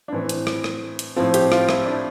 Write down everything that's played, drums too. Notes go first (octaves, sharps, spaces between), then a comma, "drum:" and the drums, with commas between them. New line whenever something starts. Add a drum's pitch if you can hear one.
D4
A2 E3 C4
drum: hi-hat
drum: rim click
drum: rim click
drum: hi-hat
A2 F3 C4
G4, drum: hi-hat
F4, drum: rim click
E4, drum: rim click
D4